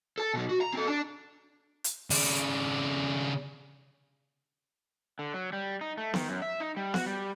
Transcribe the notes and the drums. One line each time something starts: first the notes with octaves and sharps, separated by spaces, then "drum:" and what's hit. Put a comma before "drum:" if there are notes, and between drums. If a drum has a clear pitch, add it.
A4 A5
B2 F#3
F#4
A#5
C4 A4
D4 A5
drum: hi-hat
C#3 D4, drum: open hi-hat
D3
F#3
G3
D#4
A3
D#3, drum: snare B3
F#2
E5
D#4
G3
F#4, drum: snare B3
G3